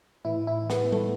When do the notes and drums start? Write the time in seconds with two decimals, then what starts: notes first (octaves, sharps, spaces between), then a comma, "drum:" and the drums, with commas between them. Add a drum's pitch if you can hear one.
0.24 A2 E3 E4
0.47 E4
0.70 B3, drum: snare
0.92 A3, drum: tom G3